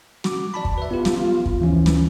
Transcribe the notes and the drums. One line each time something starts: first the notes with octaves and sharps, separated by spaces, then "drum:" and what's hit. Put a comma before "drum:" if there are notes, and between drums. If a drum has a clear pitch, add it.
F#4 D6, drum: snare
D5 A5 B5
drum: kick
B4 E5
B3 F4 G4
drum: snare
drum: kick
D2 E3 F3 C#4
drum: snare